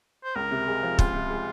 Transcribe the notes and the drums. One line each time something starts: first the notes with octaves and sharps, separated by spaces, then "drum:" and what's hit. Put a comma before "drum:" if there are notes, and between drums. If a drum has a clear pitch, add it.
C5
C#2 A#4
C3
G#3
F3
C#2 F4, drum: kick
C3
G#3